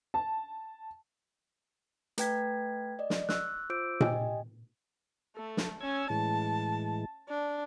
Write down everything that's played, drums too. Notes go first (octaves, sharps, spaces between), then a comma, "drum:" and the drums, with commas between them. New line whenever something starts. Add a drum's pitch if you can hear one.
A5
A3 B4 G5 G#6 B6, drum: hi-hat
D5 D#5
drum: snare
C#6 E6 F#6, drum: snare
F4 C5 D6 E6 G6 D7
G4 D#5 G5 G#5, drum: tom A#2
A3 A4
drum: snare
C#4 E6 G#6
A2 E3 G#3 A5
D4